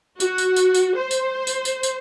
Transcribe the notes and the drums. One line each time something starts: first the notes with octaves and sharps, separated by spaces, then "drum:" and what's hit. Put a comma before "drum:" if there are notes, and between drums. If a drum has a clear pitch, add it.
F#4, drum: tambourine
drum: tambourine
drum: tambourine
drum: tambourine
C5
drum: tambourine
drum: tambourine
drum: tambourine
drum: tambourine